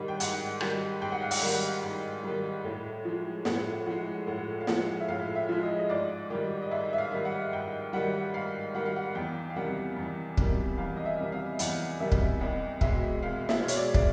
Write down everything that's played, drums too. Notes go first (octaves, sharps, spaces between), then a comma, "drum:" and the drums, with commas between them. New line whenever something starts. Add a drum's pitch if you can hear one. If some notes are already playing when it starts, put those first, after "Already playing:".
Already playing: G#2 D#3 G3
G5
G#2 F#5, drum: hi-hat
D#3 G3, drum: rim click
G#2 G5
F#5
F5
F#5, drum: open hi-hat
D#3 G3 F#5
G#2
D#3 G3
A2
F3 G#3
A2 F#5, drum: snare
F3 G#3 F#5
A2 F#5
F5
F3 G#3 F#5, drum: snare
E5
A2 F5
E5
F3 G#3
D#5
D#5
G#2 D5
D#3 G3
D#5
G#2 E5
E5
F5
D#3 G3
F#5
G#2 G5
D#3 G3 F#5
G#2 F5
D#3 G3 F#5
F5
F#5
E2 G5
F5
C3 D#3 G3 F#5
E2
C3 D#3 G3, drum: kick
E2 F5
D#5
E5
C3 D#3 G3
F5
E2 F#5, drum: hi-hat
C3 D#3 G3 E5
drum: kick
C2 D#5
B2 G#3 E5, drum: kick
C2 F5
E5, drum: snare
B2 G#3
C#5, drum: hi-hat
D5
D5, drum: kick